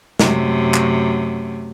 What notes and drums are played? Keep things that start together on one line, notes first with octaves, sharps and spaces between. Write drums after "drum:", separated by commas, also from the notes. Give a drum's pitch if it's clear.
F#2 C3 A3, drum: snare
drum: clap